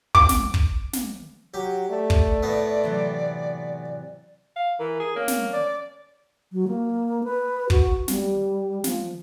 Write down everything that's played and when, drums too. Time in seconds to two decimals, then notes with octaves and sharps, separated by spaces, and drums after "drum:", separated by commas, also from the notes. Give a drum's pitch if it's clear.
0.15 D6, drum: kick
0.29 drum: snare
0.54 drum: kick
0.93 drum: snare
1.54 F#3 G4
1.90 A3 D5
2.10 drum: kick
2.43 A2 B3
2.83 C3 E3 F#3
4.56 F5
4.80 E3 A#4
5.00 G#4
5.16 A#3 C#4
5.28 drum: snare
5.52 D5
6.52 F#3
6.68 A#3
7.24 B4
7.70 F#4, drum: kick
8.08 G3, drum: snare
8.84 F3, drum: snare